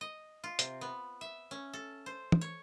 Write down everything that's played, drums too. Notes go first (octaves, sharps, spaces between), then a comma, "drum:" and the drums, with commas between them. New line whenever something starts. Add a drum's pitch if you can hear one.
D#5
F4
C3, drum: hi-hat
B3
E5
C#4
A4
C5
drum: tom
C#5